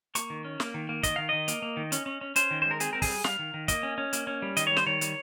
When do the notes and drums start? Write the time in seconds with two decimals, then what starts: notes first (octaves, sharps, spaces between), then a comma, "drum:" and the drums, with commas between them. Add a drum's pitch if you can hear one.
0.15 A#3 C#6, drum: hi-hat
0.30 D#3
0.45 C#4
0.60 A#3, drum: snare
0.74 D#3
0.89 A#3
1.03 D#3 D#5, drum: kick, hi-hat
1.16 D#3 F5
1.29 D#3 D#5
1.48 A#3, drum: hi-hat
1.62 A#3
1.77 D#3
1.92 C#4, drum: hi-hat
2.06 C#4
2.21 C#4
2.36 C#4 C5, drum: hi-hat
2.51 D#3
2.62 G#3 C5
2.71 A#4
2.80 C4 G#4, drum: hi-hat
2.93 C4 A#4
3.02 G#4, drum: kick, open hi-hat
3.10 G3
3.24 G3 F5, drum: snare
3.39 D#3
3.54 D#3
3.68 A#3 D#5, drum: kick, hi-hat
3.83 C#4
3.98 C#4
4.13 A#3, drum: hi-hat
4.27 C#4
4.42 G3
4.57 D#3 D#5, drum: hi-hat
4.67 G3 C#5
4.77 C5, drum: snare
4.86 D#3 C#5
5.01 G3, drum: hi-hat